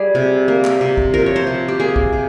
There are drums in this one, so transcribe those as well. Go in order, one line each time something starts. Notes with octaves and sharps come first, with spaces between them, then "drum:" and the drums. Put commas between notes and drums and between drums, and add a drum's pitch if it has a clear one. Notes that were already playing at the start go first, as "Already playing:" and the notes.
Already playing: G3 G#4
C3
A#3
drum: clap
C3
drum: kick A1
F3 A#4
C#5
C5
C3
G4
A#3 G#4
drum: kick A1
C3